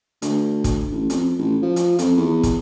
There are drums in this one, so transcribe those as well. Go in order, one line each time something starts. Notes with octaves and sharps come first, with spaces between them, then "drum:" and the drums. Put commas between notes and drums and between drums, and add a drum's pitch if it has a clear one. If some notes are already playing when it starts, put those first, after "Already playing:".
D2, drum: hi-hat
drum: kick, hi-hat
A1
F2, drum: hi-hat
A1
F3
drum: hi-hat
F2, drum: hi-hat
E2
drum: kick, hi-hat